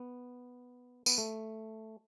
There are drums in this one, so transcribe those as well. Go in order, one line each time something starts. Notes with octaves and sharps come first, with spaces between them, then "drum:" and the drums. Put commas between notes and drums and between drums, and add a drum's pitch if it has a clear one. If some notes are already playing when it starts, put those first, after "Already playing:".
Already playing: B3
B3, drum: tambourine
A3